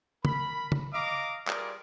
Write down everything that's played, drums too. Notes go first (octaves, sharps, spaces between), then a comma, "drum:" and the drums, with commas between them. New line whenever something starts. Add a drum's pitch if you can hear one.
A#4 B5, drum: tom
drum: tom
D#5 F5 A#5 D6
G3 F4 G#4 A#4 D5, drum: clap